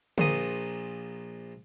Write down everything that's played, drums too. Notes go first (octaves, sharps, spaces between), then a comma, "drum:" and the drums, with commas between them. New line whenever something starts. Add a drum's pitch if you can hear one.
A#1 A#2 D#6, drum: tom D3